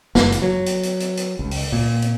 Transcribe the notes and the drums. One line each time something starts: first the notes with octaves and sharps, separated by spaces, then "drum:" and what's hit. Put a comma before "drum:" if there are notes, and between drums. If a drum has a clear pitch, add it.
F#1, drum: snare
drum: hi-hat
F#3
drum: hi-hat
drum: hi-hat
drum: hi-hat
drum: hi-hat
C#2
drum: open hi-hat
A#2
drum: hi-hat